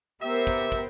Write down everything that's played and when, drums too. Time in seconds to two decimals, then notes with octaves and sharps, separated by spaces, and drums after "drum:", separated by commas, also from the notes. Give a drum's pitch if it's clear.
0.22 B3 G4 A#4 C5 E5
0.47 drum: kick
0.72 drum: kick